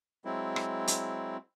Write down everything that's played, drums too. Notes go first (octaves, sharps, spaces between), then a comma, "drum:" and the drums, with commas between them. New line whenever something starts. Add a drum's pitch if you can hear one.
F#3 G#3 C4 E4
drum: rim click
drum: hi-hat